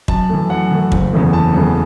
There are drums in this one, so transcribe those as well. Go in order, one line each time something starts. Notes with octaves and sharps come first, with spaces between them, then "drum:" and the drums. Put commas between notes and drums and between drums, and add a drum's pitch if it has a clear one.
F#2 A5, drum: kick
E3 A3
F#2 F#5
E3 A3
F#1, drum: kick
E2 C#3 E3 A3
F#1 A5
E2 C#3 E3 A3